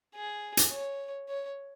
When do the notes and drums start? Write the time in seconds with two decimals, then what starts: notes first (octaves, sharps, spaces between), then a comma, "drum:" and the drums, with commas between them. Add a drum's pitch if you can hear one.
0.15 G#4
0.57 drum: hi-hat
0.71 C#5
1.28 C#5